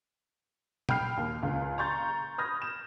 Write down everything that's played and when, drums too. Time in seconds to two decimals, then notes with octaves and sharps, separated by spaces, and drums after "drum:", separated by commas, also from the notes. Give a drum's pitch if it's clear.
0.89 G5 B5 F6 C7, drum: tom A#2
1.17 D#2
1.43 C#2
1.78 A#5 C6 C#6 G6 A6
2.38 B5 D#6 F6 G6 G#6 A#6
2.62 E7